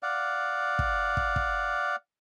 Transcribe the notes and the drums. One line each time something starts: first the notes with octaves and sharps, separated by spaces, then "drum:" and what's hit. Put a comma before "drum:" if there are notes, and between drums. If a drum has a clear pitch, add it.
D5 F5 F#5
drum: kick
drum: kick
drum: kick